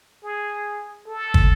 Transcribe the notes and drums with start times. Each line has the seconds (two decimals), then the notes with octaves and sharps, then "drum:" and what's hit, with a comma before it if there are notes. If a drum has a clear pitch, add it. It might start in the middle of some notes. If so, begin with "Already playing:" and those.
0.24 G#4
1.07 A4
1.34 drum: kick